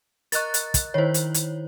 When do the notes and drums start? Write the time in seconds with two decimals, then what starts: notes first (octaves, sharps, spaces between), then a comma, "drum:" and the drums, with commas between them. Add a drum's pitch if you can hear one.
0.32 A#4 D#5 C#6 F#6 A6, drum: hi-hat
0.54 drum: hi-hat
0.74 drum: kick, hi-hat
0.94 D#3 E4 C5 C#5
1.14 drum: hi-hat
1.34 drum: hi-hat